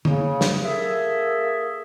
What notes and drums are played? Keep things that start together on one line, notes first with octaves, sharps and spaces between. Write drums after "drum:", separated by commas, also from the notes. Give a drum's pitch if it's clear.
C#3, drum: tom D3
drum: snare
A#3 G#4 A4 E5